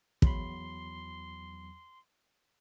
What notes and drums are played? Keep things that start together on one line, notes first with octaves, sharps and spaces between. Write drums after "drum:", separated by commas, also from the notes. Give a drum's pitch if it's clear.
E2 F#3 B5 C6, drum: kick